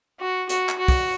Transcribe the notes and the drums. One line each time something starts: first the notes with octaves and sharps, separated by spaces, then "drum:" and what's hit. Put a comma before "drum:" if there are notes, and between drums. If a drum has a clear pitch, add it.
F#4
F#4, drum: hi-hat
drum: clap
F#4
drum: kick, open hi-hat